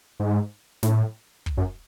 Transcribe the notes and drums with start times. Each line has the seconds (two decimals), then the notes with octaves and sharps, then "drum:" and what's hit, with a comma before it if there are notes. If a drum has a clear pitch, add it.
0.20 G#2
0.83 A2, drum: snare
1.46 drum: kick
1.57 F#2